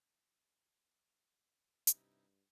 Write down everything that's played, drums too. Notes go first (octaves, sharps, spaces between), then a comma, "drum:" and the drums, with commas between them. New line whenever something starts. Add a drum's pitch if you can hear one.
G2 C3 D#4 E4, drum: hi-hat